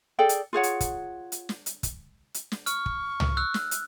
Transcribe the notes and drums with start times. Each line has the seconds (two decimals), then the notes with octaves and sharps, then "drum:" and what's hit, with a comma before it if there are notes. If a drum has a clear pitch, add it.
0.19 G#4 A4 D5 G5
0.29 drum: hi-hat
0.53 F4 G#4 C#5 F#5
0.63 drum: hi-hat
0.80 drum: kick, hi-hat
1.32 drum: hi-hat
1.49 drum: snare
1.66 drum: hi-hat
1.83 drum: kick, hi-hat
2.34 drum: hi-hat
2.52 drum: snare
2.66 C#6 F6, drum: hi-hat
2.86 drum: kick
3.20 drum: tom
3.37 E6 F#6
3.54 drum: snare
3.71 drum: hi-hat